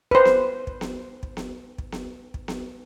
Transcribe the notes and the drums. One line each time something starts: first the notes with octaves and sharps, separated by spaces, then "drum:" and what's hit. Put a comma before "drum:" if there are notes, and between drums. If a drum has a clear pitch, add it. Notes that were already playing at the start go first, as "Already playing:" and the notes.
B4 C5, drum: kick
drum: snare B3
drum: kick
drum: snare B3
drum: kick
drum: snare B3
drum: kick
drum: snare B3
drum: kick
drum: snare B3